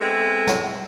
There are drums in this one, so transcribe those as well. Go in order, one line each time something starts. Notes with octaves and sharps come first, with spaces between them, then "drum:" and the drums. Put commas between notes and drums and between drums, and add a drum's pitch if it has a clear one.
G#3 A3 B3 C4
drum: snare